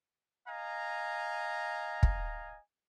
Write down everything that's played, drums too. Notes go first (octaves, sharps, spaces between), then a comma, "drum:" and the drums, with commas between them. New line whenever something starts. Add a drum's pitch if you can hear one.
D#5 F5 G#5 A#5
drum: kick